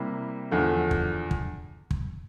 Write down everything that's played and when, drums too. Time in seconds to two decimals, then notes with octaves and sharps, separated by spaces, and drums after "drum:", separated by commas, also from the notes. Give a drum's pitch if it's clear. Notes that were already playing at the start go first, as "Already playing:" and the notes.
Already playing: C3 G3 A#3 E4
0.51 E2 D3 F3 A3
0.91 drum: kick
1.31 drum: kick
1.91 drum: kick